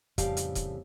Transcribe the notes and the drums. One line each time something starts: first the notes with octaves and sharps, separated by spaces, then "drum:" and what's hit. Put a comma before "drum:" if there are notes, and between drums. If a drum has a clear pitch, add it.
F2 A2 C#3 G3 G4 F5, drum: kick D#1, hi-hat
drum: hi-hat
drum: kick D#1, hi-hat